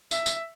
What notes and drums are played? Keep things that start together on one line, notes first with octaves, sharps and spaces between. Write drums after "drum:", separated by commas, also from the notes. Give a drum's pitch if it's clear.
E5, drum: tambourine
drum: tambourine